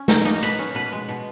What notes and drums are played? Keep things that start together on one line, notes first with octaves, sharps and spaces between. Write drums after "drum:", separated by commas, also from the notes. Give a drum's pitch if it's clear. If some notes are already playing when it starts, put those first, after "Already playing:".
Already playing: C#4
D#3 D#4, drum: snare
A#3 D#4
B2 B4, drum: hi-hat
C#4
B2 B4
G#3
B2